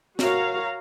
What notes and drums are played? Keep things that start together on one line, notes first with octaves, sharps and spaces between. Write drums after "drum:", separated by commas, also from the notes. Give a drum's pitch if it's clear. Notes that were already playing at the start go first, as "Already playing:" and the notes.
F#4 A#4 C#5 F5 A#5, drum: snare